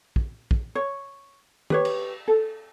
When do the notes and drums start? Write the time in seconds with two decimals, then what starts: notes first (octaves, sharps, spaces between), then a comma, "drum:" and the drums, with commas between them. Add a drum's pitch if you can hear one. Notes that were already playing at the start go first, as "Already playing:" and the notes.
0.16 drum: kick
0.51 drum: kick
0.75 C#5
1.70 G4 B4 C#5, drum: tom
1.85 drum: cymbal
2.28 A4